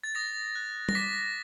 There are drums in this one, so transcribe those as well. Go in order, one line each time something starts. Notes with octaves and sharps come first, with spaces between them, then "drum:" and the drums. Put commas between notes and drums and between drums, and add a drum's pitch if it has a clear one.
A6
D#6 A#6
F#6
A#6, drum: tom G3
D6 B6